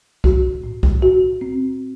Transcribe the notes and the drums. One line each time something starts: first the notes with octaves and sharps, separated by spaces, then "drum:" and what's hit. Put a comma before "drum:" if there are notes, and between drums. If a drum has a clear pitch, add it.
F#4, drum: kick C2
A2
drum: kick C2
F#4
C4